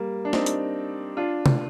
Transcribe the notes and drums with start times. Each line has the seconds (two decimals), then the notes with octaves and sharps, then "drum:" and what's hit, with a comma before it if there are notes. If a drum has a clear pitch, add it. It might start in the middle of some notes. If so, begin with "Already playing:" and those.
Already playing: G3 A#3
0.25 D4
0.33 C4 D#4, drum: snare
0.46 drum: hi-hat
1.17 D4 F4
1.46 drum: tom